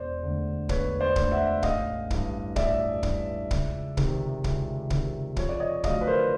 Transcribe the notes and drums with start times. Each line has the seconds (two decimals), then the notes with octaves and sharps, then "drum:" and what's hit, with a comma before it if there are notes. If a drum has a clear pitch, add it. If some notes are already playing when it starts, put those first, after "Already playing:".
Already playing: E1 C5 D5
0.23 D2 D3
0.69 E1 B4 C#5, drum: kick
1.00 C5 D5
1.16 D2, drum: kick
1.21 D3
1.31 E5 F#5
1.63 A1 D#5 F5, drum: kick
2.11 G2 E3, drum: kick
2.56 A1 D5 E5, drum: kick
3.03 G2 E3, drum: kick
3.51 C#2, drum: kick
3.97 C3 D#3, drum: kick
4.44 C#2, drum: kick
4.90 C3 D#3, drum: kick
5.36 F2 C#5, drum: kick
5.49 D5
5.60 C#5 D#5
5.84 D3 F#3 A3 D#5 F5, drum: kick
6.01 B4
6.07 A#4 C5